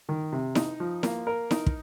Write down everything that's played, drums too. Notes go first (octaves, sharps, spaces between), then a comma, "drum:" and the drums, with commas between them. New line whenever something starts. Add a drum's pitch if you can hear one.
D#3
C3
D#4, drum: snare E4
F3
A#3, drum: snare E4
A#4
D#4, drum: snare E4
drum: kick